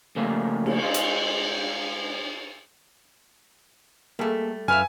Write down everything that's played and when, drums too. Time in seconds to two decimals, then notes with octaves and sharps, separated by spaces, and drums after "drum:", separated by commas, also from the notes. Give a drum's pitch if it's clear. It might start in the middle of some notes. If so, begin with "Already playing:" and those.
0.16 C#3 F3 G3 A3 A#3 C#4
0.66 drum: cymbal
0.82 G#3 F4
0.94 drum: hi-hat
4.19 G3 A3 A#3 G#4 A4
4.68 F#2 F#3 B4 E5 F5 G#5 F6